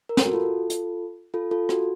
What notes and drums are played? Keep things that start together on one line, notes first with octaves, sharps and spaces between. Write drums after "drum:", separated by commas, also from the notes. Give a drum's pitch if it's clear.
A#4
A4, drum: snare
F#4
F4 A4
drum: hi-hat
F4 A4
F4 A4
F#4, drum: rim click